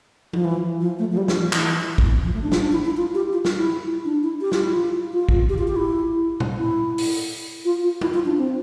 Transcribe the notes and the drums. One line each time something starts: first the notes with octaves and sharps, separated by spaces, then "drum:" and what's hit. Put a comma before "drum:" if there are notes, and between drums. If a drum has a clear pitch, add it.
F3, drum: tom G3
E3
F3
A3
F3
G3
F3, drum: snare
F3
E3, drum: clap
drum: kick
F3
A3
D4
F4, drum: snare
D4
E4
E4
F4
G4
F4
F4, drum: snare
E4
D4
E4
G4
F4, drum: snare
E4
F4
F4
drum: kick
G4
F4
G4
E4
drum: tom A#2
E4
drum: open hi-hat
F4
F4
E4, drum: tom G3
F4
D4
C4